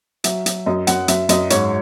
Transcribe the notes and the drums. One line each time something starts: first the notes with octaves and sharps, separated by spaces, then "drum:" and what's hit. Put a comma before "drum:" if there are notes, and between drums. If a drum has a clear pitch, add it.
F#3 E5, drum: hi-hat
F#3, drum: hi-hat
F#2 D#5
F#2 F#5, drum: hi-hat
F#2 E5, drum: hi-hat
F#2 D#5, drum: hi-hat
G#2 C#5, drum: hi-hat